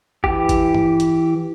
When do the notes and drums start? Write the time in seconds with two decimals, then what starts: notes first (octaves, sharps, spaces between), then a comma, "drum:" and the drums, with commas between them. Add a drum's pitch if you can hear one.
0.24 E3 G4, drum: kick G#1
0.49 drum: kick G#1, hi-hat
0.75 drum: tom G2
1.00 drum: hi-hat